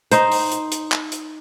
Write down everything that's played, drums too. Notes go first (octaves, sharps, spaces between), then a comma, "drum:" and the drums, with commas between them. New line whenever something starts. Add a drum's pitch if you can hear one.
D#4 C5, drum: hi-hat
drum: open hi-hat
drum: hi-hat
drum: hi-hat
drum: clap
drum: hi-hat